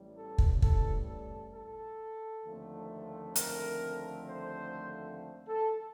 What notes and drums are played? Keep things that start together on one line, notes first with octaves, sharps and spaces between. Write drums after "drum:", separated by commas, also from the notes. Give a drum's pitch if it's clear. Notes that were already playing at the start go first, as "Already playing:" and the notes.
Already playing: A1 A2 G3
A4
drum: kick
A4, drum: kick
A4
A4
D#2 D3 F3 A3 C4
A#4, drum: hi-hat
C5
A4